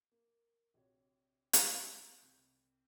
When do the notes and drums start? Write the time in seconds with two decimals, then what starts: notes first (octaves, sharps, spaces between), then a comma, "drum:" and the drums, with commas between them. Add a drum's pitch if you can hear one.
0.12 A#3
0.74 A#1 C3 F#4 C#5
1.53 drum: hi-hat
2.19 C2 C3 G6